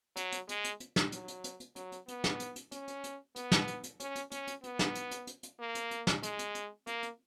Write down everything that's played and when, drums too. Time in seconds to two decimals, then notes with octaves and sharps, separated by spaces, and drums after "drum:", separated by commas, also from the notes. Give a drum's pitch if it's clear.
0.16 F#3, drum: hi-hat
0.32 drum: hi-hat
0.49 G#3, drum: hi-hat
0.64 drum: hi-hat
0.80 drum: hi-hat
0.96 drum: snare
1.12 F#3, drum: hi-hat
1.28 drum: hi-hat
1.44 drum: hi-hat
1.60 drum: hi-hat
1.76 F#3, drum: hi-hat
1.92 drum: hi-hat
2.08 B3, drum: hi-hat
2.24 drum: snare
2.40 drum: hi-hat
2.56 drum: hi-hat
2.72 C#4, drum: hi-hat
2.88 drum: hi-hat
3.04 drum: hi-hat
3.36 B3, drum: hi-hat
3.52 drum: snare
3.67 drum: hi-hat
3.83 drum: hi-hat
4.00 C#4, drum: hi-hat
4.15 drum: hi-hat
4.31 C#4, drum: hi-hat
4.47 drum: hi-hat
4.64 B3, drum: hi-hat
4.79 drum: snare
4.95 drum: hi-hat
5.11 drum: hi-hat
5.27 drum: hi-hat
5.43 drum: hi-hat
5.60 A#3
5.75 drum: hi-hat
5.91 drum: hi-hat
6.07 drum: snare
6.23 G#3, drum: hi-hat
6.39 drum: hi-hat
6.55 drum: hi-hat
6.87 A#3, drum: hi-hat
7.03 drum: hi-hat